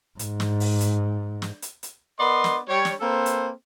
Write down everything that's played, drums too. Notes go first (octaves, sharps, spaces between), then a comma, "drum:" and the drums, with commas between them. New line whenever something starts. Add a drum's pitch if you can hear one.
G#2, drum: hi-hat
drum: snare
drum: open hi-hat
drum: hi-hat
drum: snare
drum: hi-hat
drum: hi-hat
B3 A#4 D5 D#5 C6
drum: snare
G3 C#5
drum: snare
A#3 C4 A4 B4 C5
drum: hi-hat